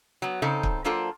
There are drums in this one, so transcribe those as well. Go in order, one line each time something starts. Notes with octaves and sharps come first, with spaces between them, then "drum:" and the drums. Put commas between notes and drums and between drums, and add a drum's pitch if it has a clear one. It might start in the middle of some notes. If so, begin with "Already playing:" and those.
F#3 B3
C#3 C4 D#4 A4
drum: kick
F#3 A#3 D4 F4 A4 C5